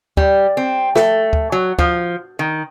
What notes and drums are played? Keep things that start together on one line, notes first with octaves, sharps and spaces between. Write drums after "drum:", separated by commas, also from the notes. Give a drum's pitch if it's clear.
G3, drum: kick D2
C4
A3, drum: snare
drum: kick D2
F#3
F3, drum: kick D2
D#3